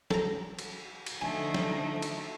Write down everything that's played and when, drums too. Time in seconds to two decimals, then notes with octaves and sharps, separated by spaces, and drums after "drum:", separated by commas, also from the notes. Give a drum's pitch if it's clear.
0.11 A4 A#5, drum: snare
0.59 drum: cymbal
1.07 drum: cymbal
1.21 D3 F3 A3 D#4 G#5
1.54 drum: snare
2.02 drum: cymbal